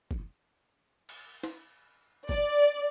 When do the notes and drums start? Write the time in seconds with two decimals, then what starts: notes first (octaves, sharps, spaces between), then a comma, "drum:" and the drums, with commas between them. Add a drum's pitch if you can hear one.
0.11 drum: kick F#1
1.09 drum: cymbal
1.43 drum: snare
2.29 D5, drum: kick F#1